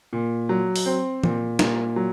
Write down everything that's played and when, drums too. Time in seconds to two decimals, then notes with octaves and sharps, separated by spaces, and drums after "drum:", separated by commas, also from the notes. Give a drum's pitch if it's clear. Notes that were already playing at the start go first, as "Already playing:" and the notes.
0.13 A#2
0.49 F#3
0.76 drum: open hi-hat
0.86 C4
1.24 A#2, drum: tom
1.59 A#2, drum: snare
1.96 F#3